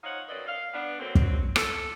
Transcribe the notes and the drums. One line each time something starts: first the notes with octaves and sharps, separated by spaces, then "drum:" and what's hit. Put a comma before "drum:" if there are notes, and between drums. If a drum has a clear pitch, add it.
F3 D#4 C5 C#5 F5 F#5
F#2 C4 B4 D5 D#5
F5
B3 D4
D3 F#3 A3 A#3 C4
drum: kick
A4, drum: rim click